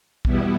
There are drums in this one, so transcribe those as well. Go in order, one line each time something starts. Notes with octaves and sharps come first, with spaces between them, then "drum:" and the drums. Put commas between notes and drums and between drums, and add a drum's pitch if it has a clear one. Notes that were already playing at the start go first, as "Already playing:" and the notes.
E2 B2 G3 B3 E4, drum: kick